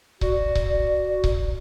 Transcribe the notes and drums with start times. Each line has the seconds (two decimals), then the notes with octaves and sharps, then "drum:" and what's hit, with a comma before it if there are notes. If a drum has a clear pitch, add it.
0.21 F#4 D5, drum: kick C#1
0.55 drum: kick C#1
1.24 drum: kick C#1